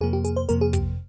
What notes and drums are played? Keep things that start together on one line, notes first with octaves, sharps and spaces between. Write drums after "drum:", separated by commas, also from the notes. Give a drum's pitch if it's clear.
F2 C3 F3 A#3 G#4
G4
G#4, drum: hi-hat
C5
F2 C3 F3 A#3 A#4, drum: hi-hat
G#4
G4, drum: kick, hi-hat